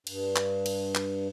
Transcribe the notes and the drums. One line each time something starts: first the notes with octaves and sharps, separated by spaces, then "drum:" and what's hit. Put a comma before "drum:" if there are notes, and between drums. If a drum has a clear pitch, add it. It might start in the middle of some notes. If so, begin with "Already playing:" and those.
G2, drum: cymbal
drum: clap
drum: cymbal
drum: clap